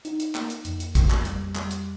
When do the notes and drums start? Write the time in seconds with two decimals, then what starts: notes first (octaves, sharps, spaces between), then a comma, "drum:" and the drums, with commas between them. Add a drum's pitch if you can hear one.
0.05 D#4, drum: hi-hat
0.20 drum: hi-hat
0.35 A#3, drum: clap
0.50 drum: hi-hat
0.65 F2, drum: hi-hat
0.80 drum: hi-hat
0.95 F2, drum: kick, hi-hat
1.10 drum: clap
1.25 G3, drum: hi-hat
1.55 G3, drum: clap
1.71 drum: hi-hat